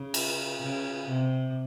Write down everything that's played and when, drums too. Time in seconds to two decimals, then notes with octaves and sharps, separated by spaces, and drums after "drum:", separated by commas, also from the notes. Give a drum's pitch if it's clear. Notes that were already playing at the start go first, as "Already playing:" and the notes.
Already playing: C#3
0.14 drum: cymbal
0.62 C#3
1.09 C3